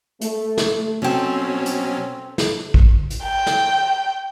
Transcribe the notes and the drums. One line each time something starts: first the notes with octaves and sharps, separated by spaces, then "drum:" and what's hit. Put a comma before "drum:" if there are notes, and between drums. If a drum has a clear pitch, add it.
A3, drum: hi-hat
drum: snare
B2 F#3 C4 C#4 A4
drum: hi-hat
drum: snare
drum: kick
drum: hi-hat
G5
drum: snare